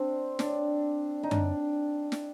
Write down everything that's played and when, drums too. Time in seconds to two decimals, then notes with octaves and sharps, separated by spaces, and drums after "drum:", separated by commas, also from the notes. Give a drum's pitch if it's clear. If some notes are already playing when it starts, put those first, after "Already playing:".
Already playing: C4 D4
0.39 D4, drum: snare
1.23 D#4
1.31 D4, drum: tom F#2
2.12 drum: snare